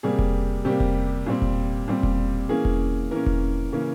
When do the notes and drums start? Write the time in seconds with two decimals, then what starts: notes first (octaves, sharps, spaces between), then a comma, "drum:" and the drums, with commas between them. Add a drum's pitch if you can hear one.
0.03 C3 G3 A#3 G#4
0.19 drum: kick E1
0.65 C3 G3 A#3 G4
0.80 drum: kick E1
1.26 A#2 G3 C4
1.42 drum: kick E1
1.88 A#2 G3 C4
2.03 drum: kick E1
2.49 E3 A#3 C#4 G#4
2.65 drum: kick E1
3.11 E3 A#3 C#4 A#4
3.26 drum: kick E1
3.73 C#3 E3 A#3 C#4